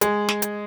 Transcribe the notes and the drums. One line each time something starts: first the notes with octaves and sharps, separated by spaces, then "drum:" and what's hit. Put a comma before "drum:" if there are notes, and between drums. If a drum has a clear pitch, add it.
G#3, drum: hi-hat
drum: snare
drum: hi-hat